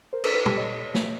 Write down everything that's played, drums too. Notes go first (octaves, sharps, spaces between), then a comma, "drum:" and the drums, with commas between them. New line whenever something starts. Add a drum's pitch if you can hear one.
A#4 C5
A4 B4, drum: cymbal
A4 B4
G4 A4, drum: tom
C#5 D#5
drum: snare